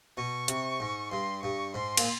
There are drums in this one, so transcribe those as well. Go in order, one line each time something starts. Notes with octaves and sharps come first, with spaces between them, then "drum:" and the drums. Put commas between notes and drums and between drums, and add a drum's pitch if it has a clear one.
B2 C#6
C3, drum: hi-hat
G#2
G2 C6
G2 C#6
G#2 C6
A#2, drum: cymbal